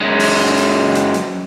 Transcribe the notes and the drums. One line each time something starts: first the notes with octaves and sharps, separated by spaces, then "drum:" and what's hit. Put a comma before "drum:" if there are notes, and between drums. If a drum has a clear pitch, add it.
F#2 G#3
drum: open hi-hat
drum: hi-hat
drum: hi-hat
drum: hi-hat